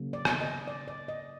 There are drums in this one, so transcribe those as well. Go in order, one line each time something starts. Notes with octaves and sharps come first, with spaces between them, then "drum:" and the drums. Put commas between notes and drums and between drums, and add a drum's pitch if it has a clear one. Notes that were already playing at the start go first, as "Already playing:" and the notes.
Already playing: C#3 F#3 A#3
D5
drum: rim click
D#5
D5
D5
D#5